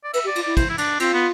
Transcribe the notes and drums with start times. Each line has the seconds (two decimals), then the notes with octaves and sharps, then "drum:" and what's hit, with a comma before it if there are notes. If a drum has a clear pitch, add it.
0.04 D5
0.13 B4 E5, drum: cymbal
0.24 G4
0.28 D5
0.35 F4, drum: cymbal
0.43 E4 D5
0.57 C5, drum: kick, cymbal
0.69 E4
0.78 D4, drum: cymbal
1.00 C4 F4, drum: cymbal
1.14 B3